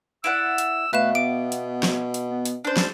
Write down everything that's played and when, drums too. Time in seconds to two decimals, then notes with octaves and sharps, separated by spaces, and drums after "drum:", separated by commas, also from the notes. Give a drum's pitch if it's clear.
0.24 E4 D5 F#5 E6 D7
0.58 drum: hi-hat
0.93 B2 A3 B4 E5 F5 E7
1.15 B3 D6 D7
1.52 drum: hi-hat
1.83 drum: snare
2.14 drum: hi-hat
2.30 B3
2.45 drum: hi-hat
2.65 C#4 D4 C5
2.77 drum: snare